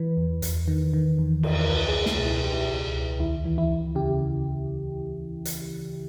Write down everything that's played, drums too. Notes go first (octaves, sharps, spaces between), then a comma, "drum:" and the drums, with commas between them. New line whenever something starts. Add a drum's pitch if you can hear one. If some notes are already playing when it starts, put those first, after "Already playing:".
Already playing: E3 B4
E2
E2, drum: hi-hat
D#3
D#3
E2
E2, drum: cymbal
A#4
C#2 B4
G#4
C#2
G#4, drum: snare
B2
E4
B2 G4
E4
G4
C#2
C#2
D#2 E4
E3
E4
D#2
C#3 G4
drum: hi-hat